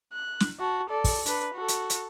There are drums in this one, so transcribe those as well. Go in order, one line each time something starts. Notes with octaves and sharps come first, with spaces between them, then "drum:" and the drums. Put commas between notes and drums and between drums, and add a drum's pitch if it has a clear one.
F#6
drum: snare
F#4 A5
A4 D5
drum: kick, open hi-hat
D4 B4, drum: hi-hat
F#4 A4
drum: hi-hat
drum: hi-hat